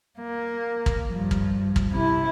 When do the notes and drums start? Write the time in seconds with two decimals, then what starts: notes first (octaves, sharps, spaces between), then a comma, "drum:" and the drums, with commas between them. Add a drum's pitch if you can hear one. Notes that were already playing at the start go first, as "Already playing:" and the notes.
0.20 A#3
0.86 drum: kick
1.09 G2 F3
1.31 drum: kick
1.76 drum: kick
1.92 C3 E4